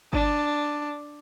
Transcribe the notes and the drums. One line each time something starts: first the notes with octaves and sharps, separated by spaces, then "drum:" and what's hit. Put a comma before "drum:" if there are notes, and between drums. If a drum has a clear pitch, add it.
D4, drum: kick G1